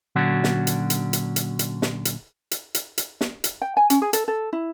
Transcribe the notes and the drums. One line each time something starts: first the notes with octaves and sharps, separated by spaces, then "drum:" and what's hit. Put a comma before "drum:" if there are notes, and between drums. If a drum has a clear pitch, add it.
A#2 D3 F#3 C#4 D4 F#4
drum: snare
drum: hi-hat
drum: hi-hat
drum: hi-hat
drum: hi-hat
drum: hi-hat
drum: snare
drum: hi-hat
drum: hi-hat
drum: hi-hat
drum: hi-hat
drum: snare
drum: hi-hat
G5
G#5
C#4, drum: hi-hat
G#4
A4, drum: hi-hat
A4
E4